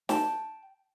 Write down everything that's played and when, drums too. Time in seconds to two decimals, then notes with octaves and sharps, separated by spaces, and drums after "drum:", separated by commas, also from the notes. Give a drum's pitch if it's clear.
0.09 G5 A5, drum: snare